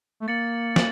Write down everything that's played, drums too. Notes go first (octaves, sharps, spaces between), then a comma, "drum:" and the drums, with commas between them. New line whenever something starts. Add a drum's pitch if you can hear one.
A3
A#3 A6 C#7 F#7
F#7, drum: snare